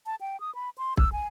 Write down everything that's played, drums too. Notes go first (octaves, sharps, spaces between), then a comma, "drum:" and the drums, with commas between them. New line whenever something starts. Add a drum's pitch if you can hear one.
A5
G5
D#6
B5
C6
E6, drum: kick
G#5